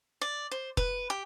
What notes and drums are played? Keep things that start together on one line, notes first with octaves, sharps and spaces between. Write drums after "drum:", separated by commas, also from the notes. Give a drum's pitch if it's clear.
D5
C5
B4, drum: kick F1
G4